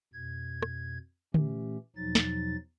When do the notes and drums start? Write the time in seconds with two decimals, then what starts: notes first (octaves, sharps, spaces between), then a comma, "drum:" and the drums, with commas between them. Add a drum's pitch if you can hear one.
0.14 F2 B2 G#6
0.62 drum: rim click
1.34 A#2 E3 A3 C#4 G4, drum: tom D3
1.96 E2 B2 F3 F#3 D#4 A6
2.15 drum: snare